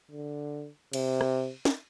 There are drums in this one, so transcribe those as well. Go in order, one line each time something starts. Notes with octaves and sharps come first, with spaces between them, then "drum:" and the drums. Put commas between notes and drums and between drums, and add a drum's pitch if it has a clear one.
D3
C3, drum: cymbal
drum: rim click
drum: snare